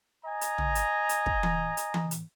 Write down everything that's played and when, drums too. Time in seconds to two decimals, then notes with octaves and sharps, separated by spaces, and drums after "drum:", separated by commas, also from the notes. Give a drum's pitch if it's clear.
0.24 D#5 G#5 A#5
0.41 drum: hi-hat
0.58 drum: tom
0.75 drum: hi-hat
1.09 drum: hi-hat
1.26 drum: kick
1.43 drum: tom E3
1.77 drum: hi-hat
1.94 drum: tom E3
2.11 drum: hi-hat